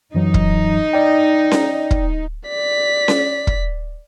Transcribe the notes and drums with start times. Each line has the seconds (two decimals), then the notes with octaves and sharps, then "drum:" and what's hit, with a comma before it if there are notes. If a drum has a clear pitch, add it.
0.14 F#2 E3 F#3 D#4
0.34 drum: kick
0.93 D5 G5
1.51 drum: snare C#4
1.91 drum: kick
2.48 D5 B6
3.08 drum: snare C#4
3.47 drum: kick